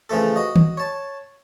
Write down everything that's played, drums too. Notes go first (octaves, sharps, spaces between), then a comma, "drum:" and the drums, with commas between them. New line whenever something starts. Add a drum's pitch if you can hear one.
C#3 E3 F3 A3 A4
F#4 D#5
drum: tom D#3
C#5 A5